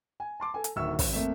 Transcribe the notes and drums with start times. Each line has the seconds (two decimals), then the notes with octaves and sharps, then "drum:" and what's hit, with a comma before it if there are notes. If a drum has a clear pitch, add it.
0.20 G#5
0.40 A5 C6 D6
0.54 A4 G#5
0.64 drum: hi-hat
0.76 D1 D#3 E5 C#6 E6
0.99 G#1 F2, drum: kick, open hi-hat
1.13 F2 A3 A#3 E5